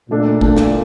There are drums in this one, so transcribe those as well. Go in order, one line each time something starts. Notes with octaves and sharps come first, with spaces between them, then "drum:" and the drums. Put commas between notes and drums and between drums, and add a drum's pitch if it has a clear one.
A#2 A3 D4 A4
A3 D4 A4, drum: kick
drum: snare